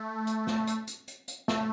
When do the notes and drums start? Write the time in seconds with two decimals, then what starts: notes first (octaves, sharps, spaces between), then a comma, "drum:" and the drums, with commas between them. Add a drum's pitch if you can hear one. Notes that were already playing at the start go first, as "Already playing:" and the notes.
Already playing: A3
0.27 drum: hi-hat
0.47 drum: snare
0.67 drum: hi-hat
0.87 drum: hi-hat
1.08 drum: hi-hat
1.28 drum: hi-hat
1.48 A3, drum: snare